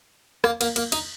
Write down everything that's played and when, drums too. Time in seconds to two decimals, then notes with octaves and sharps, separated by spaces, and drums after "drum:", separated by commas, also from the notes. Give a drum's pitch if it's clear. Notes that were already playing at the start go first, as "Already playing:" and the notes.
0.44 A#3, drum: rim click
0.61 A#3, drum: cymbal
0.76 A#3, drum: cymbal
0.92 D#4, drum: cymbal